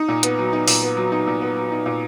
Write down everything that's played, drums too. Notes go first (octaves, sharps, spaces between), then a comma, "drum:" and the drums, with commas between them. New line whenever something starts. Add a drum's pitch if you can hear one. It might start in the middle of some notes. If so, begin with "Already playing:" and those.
Already playing: D#4
A#2
B3, drum: hi-hat
F#3
D#4
A#2, drum: open hi-hat
B3
F#3
D#4
A#2
B3
F#3
D#4
A#2